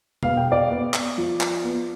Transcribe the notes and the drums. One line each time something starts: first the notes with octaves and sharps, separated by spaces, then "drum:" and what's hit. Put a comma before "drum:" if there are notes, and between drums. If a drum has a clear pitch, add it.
B3 F5, drum: tom B2
G5
D5 F5
B3
drum: clap
F3
drum: clap
B3